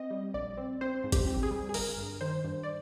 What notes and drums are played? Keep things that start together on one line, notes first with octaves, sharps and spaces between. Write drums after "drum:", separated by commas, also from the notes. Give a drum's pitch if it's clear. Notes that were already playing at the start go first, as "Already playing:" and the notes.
Already playing: C4 D#5
G3
A#1 D5
C4
C4 C5
G#2
G4, drum: kick, hi-hat
C4
G#4
G3
G#4
G1 A#4, drum: open hi-hat
G2
D#3 C5
G2
D5